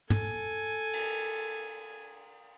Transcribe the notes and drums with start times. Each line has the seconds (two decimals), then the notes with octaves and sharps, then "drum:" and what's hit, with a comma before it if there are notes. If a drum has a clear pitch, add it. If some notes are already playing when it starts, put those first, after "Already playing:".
0.10 A4 G#5, drum: tom
0.93 drum: cymbal